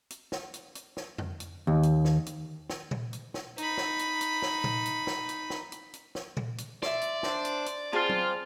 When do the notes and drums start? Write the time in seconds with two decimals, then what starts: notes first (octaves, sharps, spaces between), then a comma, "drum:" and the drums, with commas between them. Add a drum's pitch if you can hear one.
0.10 drum: hi-hat
0.32 drum: snare
0.54 drum: hi-hat
0.75 drum: hi-hat
0.97 drum: snare
1.18 drum: tom F2
1.40 drum: hi-hat
1.67 D#2
1.83 drum: hi-hat
2.05 drum: snare
2.26 drum: hi-hat
2.70 drum: snare
2.91 drum: tom A#2
3.13 drum: hi-hat
3.34 drum: snare
3.58 D#4 B5, drum: hi-hat
3.78 drum: snare
3.99 drum: hi-hat
4.21 drum: hi-hat
4.42 drum: snare
4.64 drum: tom A#2
4.86 drum: hi-hat
5.07 drum: snare
5.29 drum: hi-hat
5.50 drum: snare
5.72 drum: hi-hat
5.94 drum: hi-hat
6.15 drum: snare
6.37 drum: tom A#2
6.58 drum: hi-hat
6.83 D5 E5 C6, drum: snare
7.01 drum: hi-hat
7.23 D4 C5, drum: snare
7.45 drum: hi-hat
7.66 drum: hi-hat
7.93 C4 F4 G#4 A5
8.09 drum: tom F#3